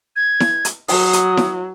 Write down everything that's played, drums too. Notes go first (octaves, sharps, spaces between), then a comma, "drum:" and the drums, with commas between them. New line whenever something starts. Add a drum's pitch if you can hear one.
G#6
drum: snare E4
drum: hi-hat
F#3 D#6, drum: open hi-hat
drum: hi-hat
drum: snare E4